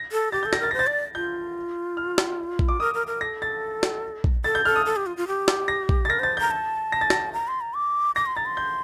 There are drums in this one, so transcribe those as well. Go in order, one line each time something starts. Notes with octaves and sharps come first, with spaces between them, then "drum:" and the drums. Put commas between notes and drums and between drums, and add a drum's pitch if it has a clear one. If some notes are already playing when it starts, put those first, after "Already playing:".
Already playing: A#6
A4
G4 A6
A4 G6
A#6, drum: snare
A#4 A6
C5 A#6
A6
D5
F4 G6
F6
drum: snare
drum: kick
D6
A#4 D#6
A#4
A#4
A4 A#6
A6
drum: snare
drum: kick
A4 A6
G6
A4 F6
D#6
A4
G4
F4
F4
G4
drum: snare
A#6
drum: kick
A6
A#4 A#6
C5 A6
A#5 G6
A5
A#6
A6
A#6, drum: snare
A#5
C6
A#5
D6
D6 A#6
C6
A#5 A6
C6
G6